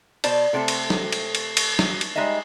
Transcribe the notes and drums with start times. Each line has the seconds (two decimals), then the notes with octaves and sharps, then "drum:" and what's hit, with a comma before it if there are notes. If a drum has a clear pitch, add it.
0.24 B2 C5 D5 A5, drum: cymbal
0.53 C3 A3 C4 D#4 A4
0.68 drum: cymbal
0.90 drum: snare
1.12 drum: cymbal
1.35 drum: cymbal
1.57 drum: cymbal
1.79 drum: snare
2.01 drum: cymbal
2.16 G3 G#3 D#4 D#5 E5